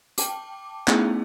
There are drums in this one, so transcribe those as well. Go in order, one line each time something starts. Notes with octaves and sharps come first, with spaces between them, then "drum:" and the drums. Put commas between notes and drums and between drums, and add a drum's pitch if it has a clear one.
G5 A5 D6, drum: hi-hat
A3 B3 C#4 D#4 E4 G#4, drum: clap